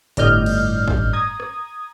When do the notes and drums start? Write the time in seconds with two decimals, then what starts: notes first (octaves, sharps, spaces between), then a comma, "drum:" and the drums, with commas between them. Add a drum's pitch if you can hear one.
0.17 G1 A2 D5 D#5 F6 G6, drum: hi-hat
0.46 drum: cymbal
0.88 drum: kick
1.13 A#5 D#6 G#6
1.40 drum: rim click